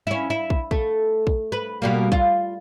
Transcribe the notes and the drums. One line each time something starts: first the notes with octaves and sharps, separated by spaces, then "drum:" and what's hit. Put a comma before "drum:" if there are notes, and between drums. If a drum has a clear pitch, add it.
C#4 E4
E4
drum: kick
A3, drum: kick
drum: kick
B4
B2 G3 A#3
F4, drum: kick